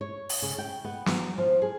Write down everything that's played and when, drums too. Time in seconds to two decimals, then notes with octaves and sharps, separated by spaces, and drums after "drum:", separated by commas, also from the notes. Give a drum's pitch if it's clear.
0.01 C#5
0.29 drum: open hi-hat
0.42 C#3
0.58 G5
0.85 B3
1.06 F#3, drum: snare
1.38 F3
1.62 G#4